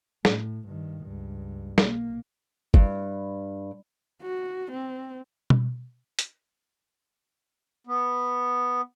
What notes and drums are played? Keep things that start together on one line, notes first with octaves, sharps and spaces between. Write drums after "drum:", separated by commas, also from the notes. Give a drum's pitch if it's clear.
A2, drum: snare
G2 D#3
C#2 G2
B1 A#3, drum: snare
G2, drum: kick
F#4
C4
drum: tom B2
drum: hi-hat
B3